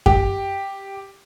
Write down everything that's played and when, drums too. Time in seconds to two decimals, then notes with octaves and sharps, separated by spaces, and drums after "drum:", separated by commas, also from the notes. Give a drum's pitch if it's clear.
0.06 G4, drum: kick F#2